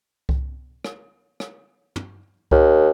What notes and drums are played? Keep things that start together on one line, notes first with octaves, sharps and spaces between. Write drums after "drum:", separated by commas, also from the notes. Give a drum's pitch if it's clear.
drum: kick C2
drum: rim click
drum: rim click
drum: tom
D#2, drum: kick C2